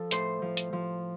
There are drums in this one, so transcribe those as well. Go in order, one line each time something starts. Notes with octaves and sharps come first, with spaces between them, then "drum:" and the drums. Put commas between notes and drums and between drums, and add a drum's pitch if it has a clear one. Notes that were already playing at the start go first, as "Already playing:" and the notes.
Already playing: F3 A4
A2 C5, drum: hi-hat
F3
drum: hi-hat
F3